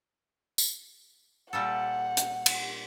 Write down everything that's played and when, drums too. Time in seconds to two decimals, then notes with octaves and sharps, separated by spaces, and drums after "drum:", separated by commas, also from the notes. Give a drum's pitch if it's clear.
0.58 drum: tambourine
1.53 A#2 G3 A4 F#5
2.17 drum: hi-hat
2.46 drum: cymbal